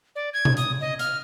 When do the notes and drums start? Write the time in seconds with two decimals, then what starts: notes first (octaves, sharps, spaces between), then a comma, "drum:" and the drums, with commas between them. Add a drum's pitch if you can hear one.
0.16 D5
0.34 G#6
0.45 drum: tom B2
0.57 D#6, drum: hi-hat
0.81 D#5
0.99 F6, drum: hi-hat